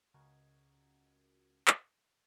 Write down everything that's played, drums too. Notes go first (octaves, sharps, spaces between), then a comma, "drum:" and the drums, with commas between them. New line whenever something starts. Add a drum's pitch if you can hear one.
C#2 C#3 F#4 A#4 D#5 G#6
drum: clap